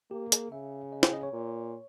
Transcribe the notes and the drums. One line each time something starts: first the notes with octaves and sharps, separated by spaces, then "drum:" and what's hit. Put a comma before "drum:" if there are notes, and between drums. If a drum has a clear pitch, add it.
A#3 G4
G#4, drum: hi-hat
C#3 E5
D#5
G5, drum: snare
D#5
C#5
A#2